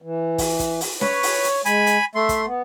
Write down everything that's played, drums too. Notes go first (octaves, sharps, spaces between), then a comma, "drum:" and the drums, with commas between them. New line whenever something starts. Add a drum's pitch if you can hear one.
E3
drum: kick, open hi-hat
drum: kick, hi-hat
drum: open hi-hat
B4 C#5, drum: snare
drum: open hi-hat
drum: hi-hat
G#3 G#5 B5, drum: hi-hat
drum: hi-hat
A3 E5 C6
drum: kick, hi-hat
B3